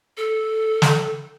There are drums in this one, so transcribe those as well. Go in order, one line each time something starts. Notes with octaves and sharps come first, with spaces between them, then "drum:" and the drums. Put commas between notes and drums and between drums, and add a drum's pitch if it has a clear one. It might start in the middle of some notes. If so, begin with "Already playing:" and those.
A4
drum: snare